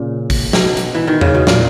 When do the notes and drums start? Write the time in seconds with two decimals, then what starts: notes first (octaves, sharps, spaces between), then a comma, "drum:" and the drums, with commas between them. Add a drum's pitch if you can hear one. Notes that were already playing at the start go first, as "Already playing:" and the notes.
Already playing: A#2 C#3
0.30 drum: kick, open hi-hat
0.53 B2, drum: snare
0.77 drum: hi-hat
0.95 E3
1.07 D#3
1.21 C#3, drum: tom E2
1.34 B2
1.47 A#2, drum: snare